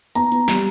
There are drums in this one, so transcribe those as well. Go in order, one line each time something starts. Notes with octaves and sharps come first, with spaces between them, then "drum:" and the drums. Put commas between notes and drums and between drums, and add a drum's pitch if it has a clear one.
B3 A#5, drum: hi-hat
B3, drum: hi-hat
G3, drum: snare